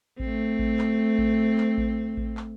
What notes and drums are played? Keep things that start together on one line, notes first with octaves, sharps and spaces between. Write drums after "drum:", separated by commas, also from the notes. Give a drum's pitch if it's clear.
A3 C4, drum: kick A1
drum: kick A1
drum: clap
drum: kick A1
drum: clap
drum: kick A1
drum: kick A1
drum: clap